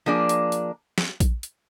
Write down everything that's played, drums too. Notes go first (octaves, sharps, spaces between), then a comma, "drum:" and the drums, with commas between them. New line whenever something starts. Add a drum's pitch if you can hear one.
F3 A#3 D4 G#4 D5
drum: hi-hat
drum: hi-hat
drum: snare
drum: kick A#1, hi-hat
drum: hi-hat